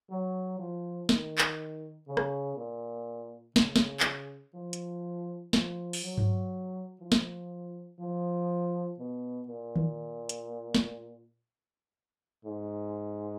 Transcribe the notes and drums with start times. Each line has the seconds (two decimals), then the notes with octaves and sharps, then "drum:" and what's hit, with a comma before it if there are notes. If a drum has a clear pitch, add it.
0.10 F#3
0.59 F3
1.09 D#3, drum: snare
1.38 drum: clap
2.08 C#3
2.17 drum: rim click
2.57 A#2
3.56 C#3, drum: snare
3.76 drum: snare
4.00 drum: clap
4.54 F3
4.73 drum: hi-hat
5.53 F3, drum: snare
5.93 drum: open hi-hat
6.03 F#3
6.17 drum: tom G2
7.01 F3
7.12 drum: snare
8.00 F3
8.99 B2
9.48 A#2
9.76 drum: tom D#3
10.29 drum: hi-hat
10.74 drum: snare
12.45 G#2